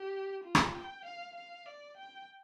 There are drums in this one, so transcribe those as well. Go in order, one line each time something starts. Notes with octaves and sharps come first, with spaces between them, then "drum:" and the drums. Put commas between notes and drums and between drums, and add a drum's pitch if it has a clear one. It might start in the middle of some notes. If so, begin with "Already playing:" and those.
Already playing: G4
F4
drum: rim click
G5
F5
F5
D5
G5